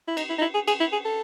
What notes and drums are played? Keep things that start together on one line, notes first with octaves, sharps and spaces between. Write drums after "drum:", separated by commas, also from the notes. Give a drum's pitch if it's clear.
E4
D#4, drum: cymbal
E4
D#4
E4
G#4
G#4, drum: cymbal
E4
G#4
A4